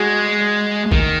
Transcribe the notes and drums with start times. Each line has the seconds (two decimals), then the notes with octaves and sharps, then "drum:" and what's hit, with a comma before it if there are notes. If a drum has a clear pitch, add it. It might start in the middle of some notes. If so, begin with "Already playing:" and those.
Already playing: G#3 F#4 G#4
0.92 D#3, drum: kick A#1